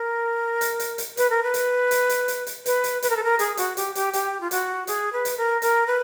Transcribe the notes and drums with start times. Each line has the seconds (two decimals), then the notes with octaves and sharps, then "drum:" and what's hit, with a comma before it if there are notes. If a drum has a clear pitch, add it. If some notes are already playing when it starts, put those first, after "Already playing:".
Already playing: A#4
0.61 drum: hi-hat
0.80 drum: hi-hat
0.98 drum: hi-hat
1.17 B4, drum: hi-hat
1.30 A#4
1.43 B4
1.54 drum: hi-hat
1.91 drum: hi-hat
2.09 drum: hi-hat
2.28 drum: hi-hat
2.47 drum: hi-hat
2.66 B4, drum: hi-hat
2.84 drum: hi-hat
3.02 B4, drum: hi-hat
3.10 A#4
3.16 A4
3.24 A#4
3.39 G#4, drum: hi-hat
3.57 F#4, drum: hi-hat
3.77 G4, drum: hi-hat
3.95 G4, drum: hi-hat
4.13 G4, drum: hi-hat
4.41 F4
4.51 F#4, drum: hi-hat
4.87 G#4, drum: hi-hat
5.13 B4
5.25 drum: hi-hat
5.38 A#4
5.62 A#4, drum: hi-hat
5.87 B4